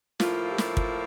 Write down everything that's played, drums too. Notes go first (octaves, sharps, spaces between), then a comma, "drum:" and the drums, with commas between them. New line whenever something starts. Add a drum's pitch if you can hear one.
A2 F3 A#3 E4 F4, drum: snare
G4
F4, drum: snare
drum: kick